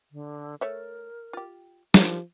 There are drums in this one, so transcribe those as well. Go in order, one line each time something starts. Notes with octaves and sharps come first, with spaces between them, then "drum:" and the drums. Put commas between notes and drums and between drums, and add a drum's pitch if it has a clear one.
D3
A3 A#4 C#5 E5
F4 G4
D#3 F3 F#3 D4 G4, drum: snare